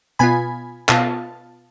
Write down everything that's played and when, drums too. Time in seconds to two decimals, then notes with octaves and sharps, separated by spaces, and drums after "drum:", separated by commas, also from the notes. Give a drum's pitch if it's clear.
0.19 B2 B3 F4 G#5 B5
0.89 B2 B3 F4 F5 A5, drum: clap